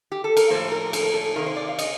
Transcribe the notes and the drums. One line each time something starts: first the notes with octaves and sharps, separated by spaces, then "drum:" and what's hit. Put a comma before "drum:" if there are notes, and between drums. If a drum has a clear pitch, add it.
G4
A4
A#4, drum: cymbal
A2 F3 A#3 C5
A#4
A4, drum: cymbal
A#4
A4
C3 D#3 A#3 A#4
C5
D5
F5
D#5, drum: cymbal